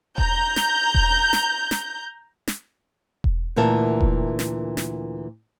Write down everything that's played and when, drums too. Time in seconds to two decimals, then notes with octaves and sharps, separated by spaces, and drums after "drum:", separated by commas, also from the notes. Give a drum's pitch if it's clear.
0.18 A#5 G6, drum: kick E1
0.56 drum: snare
0.95 drum: kick E1
1.33 drum: snare
1.71 drum: snare
2.48 drum: snare
3.24 drum: kick E1
3.56 D2 A#2 E3 A#4 A5
4.01 drum: kick E1
4.39 drum: snare
4.77 drum: snare